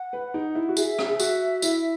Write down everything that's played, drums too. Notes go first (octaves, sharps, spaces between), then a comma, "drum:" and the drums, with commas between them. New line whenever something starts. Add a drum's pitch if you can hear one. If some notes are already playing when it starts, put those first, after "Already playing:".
Already playing: F#5
B4
D#4
E4
F#4
G#4 E5, drum: tambourine
drum: rim click
G#4
F#4, drum: tambourine
E4, drum: tambourine